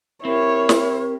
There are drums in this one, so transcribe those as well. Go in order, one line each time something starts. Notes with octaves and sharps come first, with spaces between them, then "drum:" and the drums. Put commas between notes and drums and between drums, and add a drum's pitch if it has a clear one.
C4 E4 G4 A#4 C#5
drum: snare